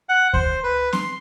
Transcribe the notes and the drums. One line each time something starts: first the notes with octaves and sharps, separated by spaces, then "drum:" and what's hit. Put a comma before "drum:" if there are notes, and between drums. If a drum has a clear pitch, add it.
F#5
C5, drum: kick D2
B4
C6, drum: snare C4